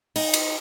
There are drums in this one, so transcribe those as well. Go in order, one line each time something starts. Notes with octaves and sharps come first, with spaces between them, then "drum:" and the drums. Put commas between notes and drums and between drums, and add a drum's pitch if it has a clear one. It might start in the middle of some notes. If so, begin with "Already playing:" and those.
D#4, drum: open hi-hat
drum: cymbal